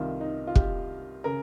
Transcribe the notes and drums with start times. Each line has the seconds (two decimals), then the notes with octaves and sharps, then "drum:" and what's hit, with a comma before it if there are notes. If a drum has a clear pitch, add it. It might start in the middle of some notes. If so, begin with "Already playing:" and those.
Already playing: C2 C3 D#3 F4
0.21 D#4
0.47 F4
0.55 G4, drum: kick
1.24 C#3 A#4